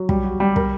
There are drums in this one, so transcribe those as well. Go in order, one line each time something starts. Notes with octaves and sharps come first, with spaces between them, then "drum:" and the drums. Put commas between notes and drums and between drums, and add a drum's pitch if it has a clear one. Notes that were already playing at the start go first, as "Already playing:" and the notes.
Already playing: F#3
G3, drum: kick
F#4
G3
A#4, drum: kick